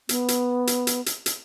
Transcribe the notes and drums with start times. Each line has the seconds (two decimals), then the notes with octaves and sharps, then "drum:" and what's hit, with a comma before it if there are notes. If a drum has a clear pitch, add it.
0.09 B3, drum: hi-hat
0.28 drum: hi-hat
0.67 drum: hi-hat
0.87 drum: hi-hat
1.06 drum: hi-hat
1.26 drum: hi-hat